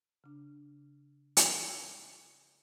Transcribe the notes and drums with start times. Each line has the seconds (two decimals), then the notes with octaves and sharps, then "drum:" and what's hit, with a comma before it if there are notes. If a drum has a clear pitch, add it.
0.24 C#3 D4
1.37 drum: hi-hat